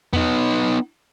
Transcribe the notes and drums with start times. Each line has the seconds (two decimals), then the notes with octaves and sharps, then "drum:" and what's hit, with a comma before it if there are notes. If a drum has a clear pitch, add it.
0.13 B3 D#4, drum: tom E2